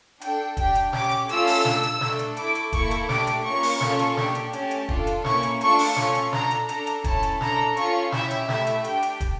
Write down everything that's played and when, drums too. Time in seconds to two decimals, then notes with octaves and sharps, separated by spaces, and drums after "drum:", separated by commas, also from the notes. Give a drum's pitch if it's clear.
0.21 D4 A4 G5, drum: hi-hat
0.57 D4 G4 G5, drum: kick, hi-hat
0.75 drum: hi-hat
0.93 C#4 G4 D6, drum: snare
1.11 drum: hi-hat
1.29 A3 C#4 F4 A4 E6, drum: hi-hat
1.47 drum: open hi-hat
1.65 D4 A4, drum: snare
1.83 drum: hi-hat
2.01 A3 D4 A4, drum: snare
2.19 drum: hi-hat
2.37 A3 E4 A4 D6, drum: hi-hat
2.55 drum: hi-hat
2.73 A#3 E4 A4 C#6, drum: kick, hi-hat
2.91 drum: hi-hat
3.09 A3 D4 G4 D6, drum: snare
3.27 drum: hi-hat
3.45 A#3 C#4 F4 C#6
3.63 drum: open hi-hat
3.81 A#3 C#4 F4 A4, drum: snare
3.99 drum: hi-hat
4.17 D4 G4, drum: snare
4.35 drum: hi-hat
4.53 A3 C#4 G4 A5, drum: hi-hat
4.71 drum: hi-hat
4.89 D4 F4 A4, drum: kick
5.07 drum: hi-hat
5.24 A#3 C#4 E4 C#6, drum: snare
5.43 drum: hi-hat
5.61 A3 D4 F4 A4 C#6, drum: hi-hat
5.79 drum: open hi-hat
5.97 C#4 F4 A4 C#6, drum: snare
6.15 drum: hi-hat
6.33 D4 A4 A#5, drum: snare
6.51 drum: hi-hat
6.69 D4 A4 A#5, drum: hi-hat
6.87 drum: hi-hat
7.04 C#4 E4 A4 A5, drum: kick, hi-hat
7.23 drum: hi-hat
7.41 D4 A4 A#5, drum: snare
7.77 C#4 F4 A4 C#6, drum: hi-hat
8.12 C#4 E4 G4 E5, drum: snare
8.31 drum: hi-hat
8.49 A3 E4 G4 E5, drum: snare
8.67 drum: hi-hat
8.84 D4 G4 G5, drum: hi-hat
9.03 drum: hi-hat
9.20 drum: kick, hi-hat